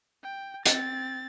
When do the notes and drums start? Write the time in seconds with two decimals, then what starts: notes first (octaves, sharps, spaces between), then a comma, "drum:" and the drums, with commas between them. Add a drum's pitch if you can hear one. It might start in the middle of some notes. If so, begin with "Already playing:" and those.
0.23 G5
0.66 C4 A6, drum: hi-hat